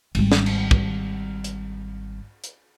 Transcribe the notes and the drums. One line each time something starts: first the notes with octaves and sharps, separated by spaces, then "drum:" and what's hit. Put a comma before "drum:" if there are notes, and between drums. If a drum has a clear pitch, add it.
G#1 G3, drum: cymbal
drum: snare
drum: cymbal
drum: kick
drum: hi-hat
drum: hi-hat